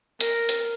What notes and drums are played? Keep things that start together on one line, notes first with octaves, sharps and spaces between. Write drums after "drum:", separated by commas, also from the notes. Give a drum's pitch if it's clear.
A#4, drum: hi-hat
drum: hi-hat